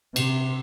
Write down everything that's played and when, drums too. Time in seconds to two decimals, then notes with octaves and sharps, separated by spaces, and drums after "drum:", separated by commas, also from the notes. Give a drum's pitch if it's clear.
0.16 C3, drum: cymbal